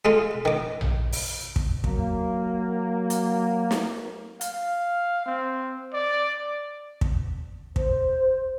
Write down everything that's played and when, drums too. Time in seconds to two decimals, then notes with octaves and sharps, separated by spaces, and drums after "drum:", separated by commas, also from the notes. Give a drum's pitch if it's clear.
0.05 G#3 A3 F4
0.45 D#3 D6
0.81 drum: tom A#1
1.12 drum: open hi-hat
1.56 drum: kick
1.84 F#3 A#3, drum: kick
3.10 drum: hi-hat
3.71 drum: snare
4.41 F5, drum: hi-hat
5.26 C4
5.93 D5
7.01 drum: kick
7.76 C5, drum: kick